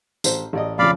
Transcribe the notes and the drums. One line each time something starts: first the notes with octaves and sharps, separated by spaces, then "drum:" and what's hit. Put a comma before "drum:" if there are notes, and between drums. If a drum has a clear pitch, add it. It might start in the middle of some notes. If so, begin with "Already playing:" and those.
A1 C5, drum: tambourine
A1 D5 D#5
F2 C#3 F3 D5 F5 B5